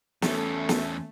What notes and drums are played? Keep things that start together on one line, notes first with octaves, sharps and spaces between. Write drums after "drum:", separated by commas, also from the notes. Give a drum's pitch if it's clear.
E2 A3 C#4 A4, drum: snare
drum: snare